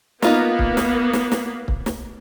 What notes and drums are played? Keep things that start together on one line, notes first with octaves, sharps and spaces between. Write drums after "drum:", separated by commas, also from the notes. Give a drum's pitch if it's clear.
A#3 B3 D#4 F4 A#4, drum: snare
drum: kick C#1
drum: snare
drum: snare
drum: snare
drum: kick C#1
drum: snare